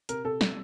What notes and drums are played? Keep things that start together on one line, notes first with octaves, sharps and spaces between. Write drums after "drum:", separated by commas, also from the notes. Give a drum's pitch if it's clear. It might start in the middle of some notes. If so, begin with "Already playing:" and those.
C3 A#4, drum: hi-hat
C3 A4
C3, drum: snare